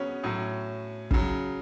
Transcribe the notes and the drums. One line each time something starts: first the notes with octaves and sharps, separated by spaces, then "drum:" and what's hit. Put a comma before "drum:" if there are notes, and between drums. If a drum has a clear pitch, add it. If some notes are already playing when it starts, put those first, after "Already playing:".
Already playing: C#3 F#3 B3 C#4
A2 F#3
C#3 F#3, drum: kick